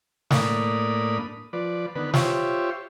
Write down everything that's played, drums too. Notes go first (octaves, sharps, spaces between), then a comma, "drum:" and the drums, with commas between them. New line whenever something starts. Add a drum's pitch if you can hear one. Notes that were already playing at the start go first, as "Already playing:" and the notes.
A2 A#3 D4 B5 D#6, drum: snare
F3 B4 D5
D3 D#3 B3 B4
F4 G4 C5 C#5 E5, drum: snare